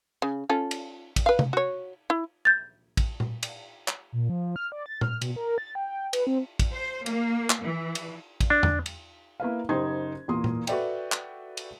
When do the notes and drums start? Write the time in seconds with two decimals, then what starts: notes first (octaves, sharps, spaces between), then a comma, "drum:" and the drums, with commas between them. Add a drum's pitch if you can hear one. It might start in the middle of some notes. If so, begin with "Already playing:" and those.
0.22 C#3
0.49 C#4 F4 A4
0.71 drum: cymbal
1.16 drum: kick, cymbal
1.26 B4 F5
1.39 drum: tom C3
1.53 F#4 C#5
2.10 E4
2.45 G6 A6
2.97 drum: kick, cymbal
3.20 drum: tom A#2
3.43 drum: cymbal
3.88 drum: clap
4.12 A#2
4.29 F3
4.56 F6
4.72 D5
4.86 A6
5.01 F6, drum: tom A#2
5.22 B2, drum: cymbal
5.36 A#4
5.58 A6
5.75 G5
6.13 B4, drum: cymbal
6.27 C4
6.59 drum: kick, cymbal
6.73 C5
7.06 A#3, drum: cymbal
7.50 drum: clap
7.63 E3
7.95 drum: cymbal
8.40 drum: kick, cymbal
8.50 D4
8.63 drum: tom E2
8.86 drum: cymbal
9.40 A#3 E4 B4 F5
9.69 F#1 D#4 G4 C5 C6 G#6
10.28 E2 A#2 A#3 C6 D#6
10.44 drum: tom A#2
10.67 F#4 A4 B4 D5 E5 G5, drum: cymbal
11.12 drum: clap
11.57 drum: cymbal